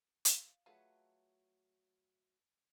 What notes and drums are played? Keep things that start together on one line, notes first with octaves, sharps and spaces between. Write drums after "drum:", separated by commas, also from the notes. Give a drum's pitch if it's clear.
F5, drum: hi-hat
F#3 A3 F4 G#4 B4 F5